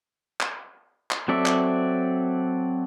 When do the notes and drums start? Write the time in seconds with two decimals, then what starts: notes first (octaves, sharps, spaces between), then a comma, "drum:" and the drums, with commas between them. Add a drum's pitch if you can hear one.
0.41 drum: clap
1.11 drum: clap
1.28 F#3 C4 A4 D5 E5
1.46 drum: clap